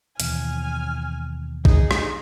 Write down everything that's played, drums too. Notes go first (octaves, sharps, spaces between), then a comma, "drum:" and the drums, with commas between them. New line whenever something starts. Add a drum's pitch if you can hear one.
D#2 B2 E3 G#5 F6, drum: hi-hat
D#4 G#4, drum: kick
drum: rim click